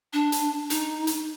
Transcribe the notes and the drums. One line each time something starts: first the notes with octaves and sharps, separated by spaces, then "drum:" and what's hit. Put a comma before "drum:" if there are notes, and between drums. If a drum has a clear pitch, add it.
D4
drum: hi-hat
D#4, drum: hi-hat
drum: hi-hat